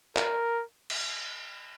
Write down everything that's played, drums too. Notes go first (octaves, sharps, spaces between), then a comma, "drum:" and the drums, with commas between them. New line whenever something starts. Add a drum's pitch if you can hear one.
A#4, drum: clap
drum: cymbal